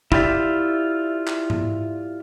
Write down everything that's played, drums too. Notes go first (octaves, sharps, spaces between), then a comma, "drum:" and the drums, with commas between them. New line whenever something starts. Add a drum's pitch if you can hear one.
E4 F4 G4 D5 E5, drum: kick
drum: clap
drum: tom G#2